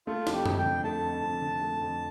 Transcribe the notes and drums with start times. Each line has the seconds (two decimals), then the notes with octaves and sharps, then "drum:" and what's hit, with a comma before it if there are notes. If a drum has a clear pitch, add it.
0.07 A3 F4
0.27 F2, drum: snare
0.33 G4
0.46 F2, drum: tom F#2
0.58 G5
0.64 D3
0.84 A3 A5
1.04 F2
1.23 F2
1.41 D3
1.61 A3
1.81 F2